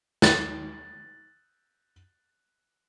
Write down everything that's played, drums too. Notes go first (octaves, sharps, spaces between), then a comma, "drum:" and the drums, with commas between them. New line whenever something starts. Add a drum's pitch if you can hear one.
F#6 A6, drum: snare